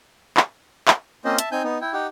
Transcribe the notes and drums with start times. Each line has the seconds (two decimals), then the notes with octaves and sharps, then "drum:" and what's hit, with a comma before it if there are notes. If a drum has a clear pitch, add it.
0.37 drum: clap
0.88 drum: clap
1.25 A#3 C4 C#4 F4 C5 D#5
1.39 E5 A5, drum: hi-hat
1.52 C4 D#4 G#5 G6
1.64 B3 D#4
1.81 E4 G5
1.93 D#4 G4 F#5 G5